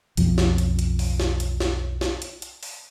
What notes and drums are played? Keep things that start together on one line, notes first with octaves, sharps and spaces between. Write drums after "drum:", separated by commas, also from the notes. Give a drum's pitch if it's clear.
B1 F2 F3, drum: hi-hat
drum: snare
drum: hi-hat
drum: hi-hat
drum: open hi-hat
drum: snare
drum: hi-hat
drum: snare
drum: snare
drum: hi-hat
drum: hi-hat
drum: open hi-hat